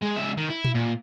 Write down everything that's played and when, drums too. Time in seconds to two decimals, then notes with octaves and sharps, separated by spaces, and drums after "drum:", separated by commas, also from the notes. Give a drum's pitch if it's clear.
0.02 G#3
0.16 C#2 E5
0.38 D#3
0.50 E4
0.65 drum: tom A#2
0.75 A#2